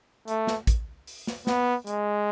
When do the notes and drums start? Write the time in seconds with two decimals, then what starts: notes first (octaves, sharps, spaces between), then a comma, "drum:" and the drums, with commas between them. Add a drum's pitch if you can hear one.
0.28 A3, drum: hi-hat
0.47 drum: snare
0.67 drum: kick, hi-hat
1.07 drum: open hi-hat
1.27 drum: snare
1.47 B3, drum: snare
1.87 G#3, drum: hi-hat